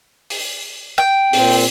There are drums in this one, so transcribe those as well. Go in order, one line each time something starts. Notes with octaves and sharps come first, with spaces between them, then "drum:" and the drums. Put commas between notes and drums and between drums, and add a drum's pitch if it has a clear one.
drum: open hi-hat
G5
A#2 C4, drum: open hi-hat
drum: open hi-hat